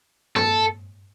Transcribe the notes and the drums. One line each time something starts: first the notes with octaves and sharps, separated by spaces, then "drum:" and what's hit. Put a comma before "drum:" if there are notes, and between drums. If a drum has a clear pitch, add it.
A4, drum: tom